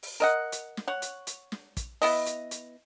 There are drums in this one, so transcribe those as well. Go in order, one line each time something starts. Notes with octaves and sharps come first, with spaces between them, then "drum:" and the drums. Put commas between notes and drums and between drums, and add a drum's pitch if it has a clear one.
drum: open hi-hat
A#4 D#5 F#5
drum: hi-hat
drum: snare
C#5 F#5
drum: hi-hat
drum: hi-hat
drum: snare
drum: kick, hi-hat
B3 E4 D#5, drum: open hi-hat
drum: hi-hat
drum: hi-hat